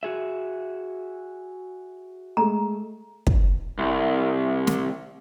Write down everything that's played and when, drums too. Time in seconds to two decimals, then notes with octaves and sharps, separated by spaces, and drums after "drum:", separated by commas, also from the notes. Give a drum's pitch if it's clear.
0.03 F#4 G#4 E5
2.37 G#3 A3 A#5
3.27 drum: kick
3.78 C2
4.67 drum: snare